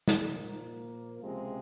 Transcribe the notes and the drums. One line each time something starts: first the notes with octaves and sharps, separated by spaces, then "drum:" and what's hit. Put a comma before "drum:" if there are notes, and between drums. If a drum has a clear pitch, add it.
drum: snare
A#2 F3 A#3
C#2 C3 F3 G#3 C4